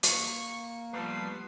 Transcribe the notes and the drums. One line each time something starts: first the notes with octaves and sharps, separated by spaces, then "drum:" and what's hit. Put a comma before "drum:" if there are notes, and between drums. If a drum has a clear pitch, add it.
A#3 C#6, drum: hi-hat
F3 G3 A3 B3 C7